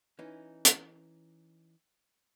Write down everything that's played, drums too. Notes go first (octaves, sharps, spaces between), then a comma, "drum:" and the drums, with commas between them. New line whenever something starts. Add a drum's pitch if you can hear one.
E3 C#4 D#4
drum: hi-hat